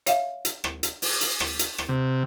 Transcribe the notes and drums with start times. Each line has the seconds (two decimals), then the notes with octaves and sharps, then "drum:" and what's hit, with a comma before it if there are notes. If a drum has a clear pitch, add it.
0.07 C#5 E5 F5, drum: hi-hat
0.45 drum: hi-hat
0.64 drum: rim click
0.83 drum: hi-hat
1.02 drum: open hi-hat
1.21 drum: hi-hat
1.40 drum: rim click
1.59 drum: hi-hat
1.78 drum: rim click
1.89 C3